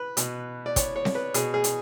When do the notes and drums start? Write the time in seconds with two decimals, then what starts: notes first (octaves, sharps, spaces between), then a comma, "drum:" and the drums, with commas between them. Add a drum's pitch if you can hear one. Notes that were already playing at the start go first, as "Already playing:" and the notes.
Already playing: B4
0.17 B2, drum: hi-hat
0.66 D5
0.76 C#5, drum: kick, hi-hat
0.96 C#5
1.05 drum: snare C4
1.15 B4
1.34 B2 G#4, drum: hi-hat
1.54 G#4
1.64 drum: hi-hat